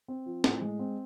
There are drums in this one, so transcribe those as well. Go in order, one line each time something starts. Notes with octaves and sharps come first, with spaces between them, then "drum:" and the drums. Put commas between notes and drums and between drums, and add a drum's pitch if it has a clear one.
C4
F3
A2, drum: snare
G#3
C4